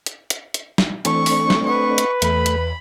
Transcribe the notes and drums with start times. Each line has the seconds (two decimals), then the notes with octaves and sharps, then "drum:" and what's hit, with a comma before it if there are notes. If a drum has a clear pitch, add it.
0.06 drum: hi-hat
0.30 drum: hi-hat
0.54 drum: hi-hat
0.78 drum: snare
1.05 E3 A3 C4 D4 A4 C#6, drum: hi-hat
1.26 drum: open hi-hat
1.50 drum: snare
1.67 B4 D#5 F#5 C#6
1.98 drum: hi-hat
2.22 E2 A3 B5, drum: hi-hat
2.46 drum: hi-hat